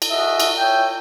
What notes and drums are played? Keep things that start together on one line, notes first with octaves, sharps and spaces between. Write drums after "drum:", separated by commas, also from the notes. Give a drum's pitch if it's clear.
drum: cymbal
F#4 G#4 D#5 E5
drum: cymbal
C#5 E5 G5